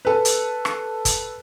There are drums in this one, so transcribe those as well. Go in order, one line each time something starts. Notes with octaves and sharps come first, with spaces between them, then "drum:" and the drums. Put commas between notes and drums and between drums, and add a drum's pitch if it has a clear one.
A4 B4
drum: hi-hat
drum: rim click
drum: kick, hi-hat